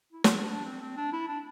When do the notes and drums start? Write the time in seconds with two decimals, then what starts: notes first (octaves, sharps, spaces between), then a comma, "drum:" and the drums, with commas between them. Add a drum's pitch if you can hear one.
0.13 E4
0.24 C4, drum: snare
0.34 D4
0.50 D4
0.65 C4
0.81 C4
0.97 D4
1.13 E4
1.28 D4